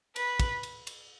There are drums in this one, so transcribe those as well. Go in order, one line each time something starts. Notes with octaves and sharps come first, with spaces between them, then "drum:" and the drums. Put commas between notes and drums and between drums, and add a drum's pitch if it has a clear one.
B4, drum: cymbal
drum: kick, cymbal
drum: cymbal
drum: cymbal